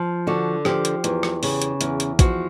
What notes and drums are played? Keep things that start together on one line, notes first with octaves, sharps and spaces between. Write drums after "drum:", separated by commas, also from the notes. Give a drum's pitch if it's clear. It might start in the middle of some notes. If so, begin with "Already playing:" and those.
Already playing: F3
D3 F#4
F3 G4, drum: rim click
drum: hi-hat
E2, drum: hi-hat
drum: rim click
C#3, drum: open hi-hat
drum: hi-hat
E2, drum: hi-hat
drum: hi-hat
F3 F#4, drum: kick, hi-hat